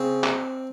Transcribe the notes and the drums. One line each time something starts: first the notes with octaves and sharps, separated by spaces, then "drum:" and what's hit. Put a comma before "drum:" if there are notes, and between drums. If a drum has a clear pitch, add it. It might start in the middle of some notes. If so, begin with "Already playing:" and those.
Already playing: C#3 C4
drum: clap